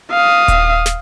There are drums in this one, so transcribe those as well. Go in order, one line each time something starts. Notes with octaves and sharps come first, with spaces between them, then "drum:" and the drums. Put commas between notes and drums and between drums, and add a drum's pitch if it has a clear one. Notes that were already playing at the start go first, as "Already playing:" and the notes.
F5 D#6
drum: kick D#1, hi-hat
drum: snare